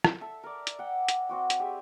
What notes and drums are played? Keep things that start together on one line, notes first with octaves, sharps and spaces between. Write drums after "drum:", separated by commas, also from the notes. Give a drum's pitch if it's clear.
drum: rim click
A4 E5
A#4 D5
drum: hi-hat
F#5 G5
drum: hi-hat
C4 F#4 D6
drum: hi-hat
G4 G#4 E5